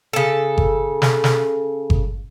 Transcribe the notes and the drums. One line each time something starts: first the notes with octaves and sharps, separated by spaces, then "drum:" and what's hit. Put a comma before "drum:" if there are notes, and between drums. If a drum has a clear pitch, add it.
C#3 A4
drum: kick G1
drum: snare
drum: snare
drum: kick G1